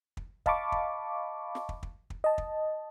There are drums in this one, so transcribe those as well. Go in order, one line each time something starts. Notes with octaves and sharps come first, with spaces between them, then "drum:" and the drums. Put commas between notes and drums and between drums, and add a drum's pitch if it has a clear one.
drum: kick
D#5 F5 A5 B5 C#6 D6, drum: kick
drum: kick
drum: snare
drum: kick
drum: kick
drum: kick
D#5 A5
drum: kick